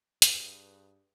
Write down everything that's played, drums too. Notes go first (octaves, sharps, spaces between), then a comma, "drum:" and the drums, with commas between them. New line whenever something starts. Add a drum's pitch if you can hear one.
G2 G#4 B4 G6, drum: hi-hat